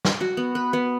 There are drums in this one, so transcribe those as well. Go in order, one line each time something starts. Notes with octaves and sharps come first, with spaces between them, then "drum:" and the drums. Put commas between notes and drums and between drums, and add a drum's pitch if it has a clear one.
drum: snare
F#4
B3
B4
B3